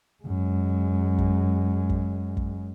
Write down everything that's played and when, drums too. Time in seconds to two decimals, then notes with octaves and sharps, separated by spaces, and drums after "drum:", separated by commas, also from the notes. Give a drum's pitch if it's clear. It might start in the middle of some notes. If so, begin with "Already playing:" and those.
0.24 F#2 G#3
1.18 drum: kick
1.89 drum: kick
2.37 drum: kick